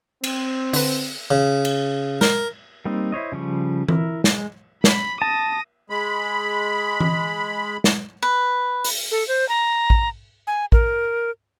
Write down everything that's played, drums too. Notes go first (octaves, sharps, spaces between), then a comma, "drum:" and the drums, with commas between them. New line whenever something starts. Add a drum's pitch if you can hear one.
C4, drum: cymbal
D3 B4, drum: open hi-hat
C#3
drum: cymbal
A#4, drum: snare
G3 A#3 C4 D#4
E4 C5 C#5 D#5
C#3 F3 G3 C#6
E4 A#4, drum: tom E3
G#3, drum: snare
B5, drum: snare
A5 D#6 A#6
G#3 B5
drum: tom E3
drum: snare
B4
drum: open hi-hat
A4
C5
A#5
drum: kick A1
G#5
A#4, drum: kick A1